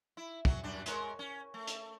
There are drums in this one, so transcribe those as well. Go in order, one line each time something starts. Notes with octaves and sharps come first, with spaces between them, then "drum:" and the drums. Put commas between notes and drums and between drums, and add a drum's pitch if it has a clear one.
E4
F#3 C#4, drum: kick
F#2 G3 D4
G#3 A#4 C#5, drum: hi-hat
C#4
A3
drum: hi-hat